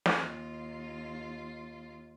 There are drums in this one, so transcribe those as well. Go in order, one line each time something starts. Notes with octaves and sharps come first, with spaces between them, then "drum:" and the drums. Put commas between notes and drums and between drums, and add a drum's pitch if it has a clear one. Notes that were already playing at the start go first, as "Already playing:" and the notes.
drum: snare
D#2 F4